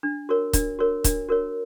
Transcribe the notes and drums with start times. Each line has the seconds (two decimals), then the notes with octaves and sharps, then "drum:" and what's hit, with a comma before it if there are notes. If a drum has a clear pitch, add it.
0.03 D4
0.29 F#4 A#4 C#5
0.53 D4, drum: kick, hi-hat
0.79 F#4 A#4 C#5
1.04 D4, drum: kick, hi-hat
1.29 F#4 A#4 C#5